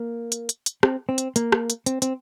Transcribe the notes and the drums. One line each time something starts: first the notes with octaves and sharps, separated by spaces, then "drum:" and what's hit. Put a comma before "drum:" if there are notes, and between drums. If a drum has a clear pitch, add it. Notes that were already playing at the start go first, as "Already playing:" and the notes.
Already playing: A#3
drum: hi-hat
drum: hi-hat
drum: hi-hat
C4, drum: rim click
C4
drum: hi-hat
A#3, drum: hi-hat
drum: rim click
drum: hi-hat
C4, drum: hi-hat
C4, drum: hi-hat